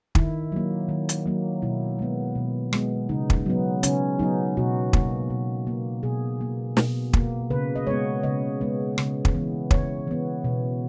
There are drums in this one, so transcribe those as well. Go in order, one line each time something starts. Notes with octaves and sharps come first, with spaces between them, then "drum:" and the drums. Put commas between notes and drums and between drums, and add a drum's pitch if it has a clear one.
D#3 E4, drum: kick
F#3 A#3
D#3
drum: hi-hat
F#3 A#3
B2 E4
G#3 B3
B2
G#3 B3, drum: rim click
C#3 D#4
drum: kick
F#3 B3
C#3 C#4, drum: hi-hat
F#3 B3 D#4
B2 F#4
A#3, drum: kick
B2
A#3
B2 G#4
A#3
B2, drum: snare
A#3, drum: kick
C#3 B4
D#5
G#3 B3 C#5
C#3 D#5
G#3 B3
C#3, drum: rim click
drum: kick
E3 B3
C#3 C#5, drum: kick
E3 B3
B2